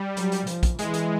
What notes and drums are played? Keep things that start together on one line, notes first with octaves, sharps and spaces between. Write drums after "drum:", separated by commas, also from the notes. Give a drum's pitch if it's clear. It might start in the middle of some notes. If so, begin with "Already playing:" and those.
Already playing: G3
F#3, drum: hi-hat
drum: hi-hat
F3, drum: hi-hat
drum: kick, hi-hat
E3 G#3, drum: hi-hat
drum: hi-hat